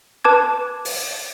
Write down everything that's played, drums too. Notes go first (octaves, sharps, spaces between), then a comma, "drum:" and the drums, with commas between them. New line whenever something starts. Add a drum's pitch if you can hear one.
B4 A5 D6 G#6
drum: open hi-hat